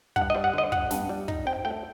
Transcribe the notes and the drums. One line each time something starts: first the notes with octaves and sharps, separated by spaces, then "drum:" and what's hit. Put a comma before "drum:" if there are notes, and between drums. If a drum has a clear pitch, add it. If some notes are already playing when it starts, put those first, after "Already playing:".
G2 F#5, drum: kick
D#5
G3
F#5
D3 D#5
G2 F#5, drum: kick
G2, drum: snare
G3
D#4, drum: kick
C4 G5
A3 G5